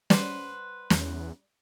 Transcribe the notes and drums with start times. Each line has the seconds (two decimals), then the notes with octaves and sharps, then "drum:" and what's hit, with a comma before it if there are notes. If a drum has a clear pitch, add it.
0.10 G3 B4 C5 D5 F#5, drum: snare
0.90 E2, drum: snare